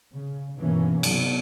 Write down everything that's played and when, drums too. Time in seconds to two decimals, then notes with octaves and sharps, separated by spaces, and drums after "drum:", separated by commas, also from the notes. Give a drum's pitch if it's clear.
0.15 C#3
0.59 G2 B2 E3 A#3 C#4
1.03 C3 F#3 B3, drum: cymbal